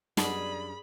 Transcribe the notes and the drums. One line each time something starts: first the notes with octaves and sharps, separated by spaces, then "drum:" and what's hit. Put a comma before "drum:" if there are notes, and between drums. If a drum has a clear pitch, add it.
F#2 B2 G3 D4 G#4 D5 B5, drum: snare